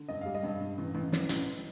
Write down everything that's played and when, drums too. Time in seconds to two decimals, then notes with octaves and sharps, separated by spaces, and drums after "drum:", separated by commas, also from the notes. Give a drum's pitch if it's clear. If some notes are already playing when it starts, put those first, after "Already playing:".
Already playing: D3
0.08 G2 D#5
0.21 G3 F5
0.34 D#5
0.43 G2
0.60 G2
0.78 A1
0.95 A1
1.12 A1, drum: snare
1.29 A1, drum: hi-hat